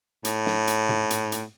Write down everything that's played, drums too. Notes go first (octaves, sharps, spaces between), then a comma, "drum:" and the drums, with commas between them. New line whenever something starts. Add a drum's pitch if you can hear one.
A2, drum: hi-hat
drum: snare
drum: hi-hat
drum: tom
drum: hi-hat
drum: hi-hat